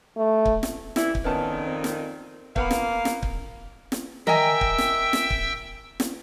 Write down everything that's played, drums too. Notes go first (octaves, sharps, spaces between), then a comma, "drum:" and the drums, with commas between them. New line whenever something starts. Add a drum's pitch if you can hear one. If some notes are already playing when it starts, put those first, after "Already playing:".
A3
drum: kick
drum: snare
E3 G3 E4, drum: snare
drum: kick
F2 A#2 D#3 B3 C#4 A5
C4
drum: snare
A#3 B3 F5 F#5 B5, drum: kick
drum: snare
drum: snare
drum: kick
drum: snare
A#4 D#5 E5 G5 G#5 E6, drum: tom D#3
drum: kick
drum: snare
drum: snare
drum: kick
drum: snare